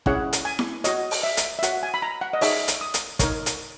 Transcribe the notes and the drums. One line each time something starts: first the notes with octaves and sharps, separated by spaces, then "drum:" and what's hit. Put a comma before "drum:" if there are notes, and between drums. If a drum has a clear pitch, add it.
C#4 E4 G#4 C#5 F#5, drum: kick
drum: hi-hat
G#5
drum: snare E4
F#4 C#5 D#5, drum: hi-hat
drum: open hi-hat
E5
drum: hi-hat
E5
F#4 C#5 F#5, drum: hi-hat
G#5
B5
A#5
F#5
D#5
D#4 G#4 C#5 E5, drum: open hi-hat
drum: hi-hat
D#6
drum: hi-hat
D#4 A#4 C#5, drum: kick, hi-hat
drum: hi-hat